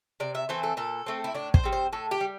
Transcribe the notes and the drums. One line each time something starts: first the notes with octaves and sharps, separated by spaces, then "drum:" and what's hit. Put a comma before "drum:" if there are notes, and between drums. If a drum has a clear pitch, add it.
C3 D5
E5
E3 A3 C4 C5
A4
A#2 A4
A3 C4
E4
A2 D4
C5, drum: kick
G3 C4
C5
A2 A4
G4
G3